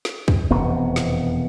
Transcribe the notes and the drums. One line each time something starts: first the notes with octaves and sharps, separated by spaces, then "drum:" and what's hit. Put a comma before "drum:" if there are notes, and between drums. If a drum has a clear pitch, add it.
drum: snare
drum: kick
E1 F2 C3 B3
drum: snare